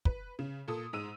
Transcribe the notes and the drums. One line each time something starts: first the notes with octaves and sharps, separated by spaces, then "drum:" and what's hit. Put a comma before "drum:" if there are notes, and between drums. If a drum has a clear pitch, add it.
B4, drum: kick
C#3
A#2 A4 D#6
G#2 G#3 E6 D#7